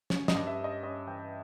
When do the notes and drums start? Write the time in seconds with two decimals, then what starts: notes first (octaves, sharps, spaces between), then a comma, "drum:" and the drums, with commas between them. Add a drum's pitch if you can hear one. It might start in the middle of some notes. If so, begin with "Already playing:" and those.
0.10 C#4 C#5, drum: snare
0.28 D#5, drum: snare
0.34 G2
0.47 E5
0.59 C#4
0.64 D#5
0.83 C#4 D#5
1.07 E3 G5